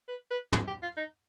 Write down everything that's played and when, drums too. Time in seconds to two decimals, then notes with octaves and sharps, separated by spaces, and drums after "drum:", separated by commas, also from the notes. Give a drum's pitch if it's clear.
0.08 B4
0.31 B4
0.52 G#4, drum: tom
0.67 G4
0.83 F4
0.97 D#4